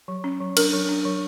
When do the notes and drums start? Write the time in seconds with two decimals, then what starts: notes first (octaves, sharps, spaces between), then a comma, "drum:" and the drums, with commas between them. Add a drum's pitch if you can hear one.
0.08 F#3
0.24 C#4
0.40 F#3
0.57 D4 A#4, drum: cymbal
0.73 F#3
0.89 D4
1.05 F#3